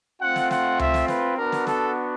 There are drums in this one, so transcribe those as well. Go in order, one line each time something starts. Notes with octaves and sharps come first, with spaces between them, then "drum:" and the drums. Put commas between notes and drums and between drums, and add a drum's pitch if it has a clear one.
A3 C4 F4 F#5
drum: snare
F#5, drum: snare
E5, drum: tom C#2
drum: snare
B4, drum: snare
B3 D4 F#4 A#4
drum: snare
A4, drum: snare